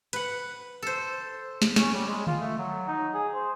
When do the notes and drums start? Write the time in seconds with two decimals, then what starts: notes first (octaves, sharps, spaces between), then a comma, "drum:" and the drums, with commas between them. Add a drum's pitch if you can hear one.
0.13 B4 F#5, drum: hi-hat
0.82 A4 C5
1.62 drum: snare
1.76 C#4, drum: snare
1.94 G3
2.07 G#3
2.27 F4, drum: tom D3
2.40 A3
2.58 F#3
2.88 D#4
3.14 G#4
3.34 C5